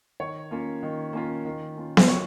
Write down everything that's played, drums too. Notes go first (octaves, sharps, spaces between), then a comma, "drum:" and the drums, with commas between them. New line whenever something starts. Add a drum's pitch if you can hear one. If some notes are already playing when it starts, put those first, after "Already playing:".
D#3 C#5
A#3 C#4 F4
D#3
A#3 C#4 F4
D#3
A#3 C#4 F4
drum: snare B3
D#3 C#5